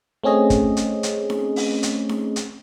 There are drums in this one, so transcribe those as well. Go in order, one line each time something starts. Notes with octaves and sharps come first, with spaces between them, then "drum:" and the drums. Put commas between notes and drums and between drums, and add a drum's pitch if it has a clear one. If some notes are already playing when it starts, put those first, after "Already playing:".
A3 C4 C#4 G#4 D#5
drum: kick, hi-hat
drum: hi-hat
drum: hi-hat
drum: snare D#4
drum: open hi-hat
drum: hi-hat
drum: snare D#4
drum: hi-hat